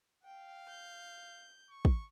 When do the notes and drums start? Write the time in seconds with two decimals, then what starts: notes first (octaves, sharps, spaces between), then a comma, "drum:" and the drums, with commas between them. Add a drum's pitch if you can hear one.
0.24 F5 G5
0.67 G6
1.70 C#6
1.85 drum: kick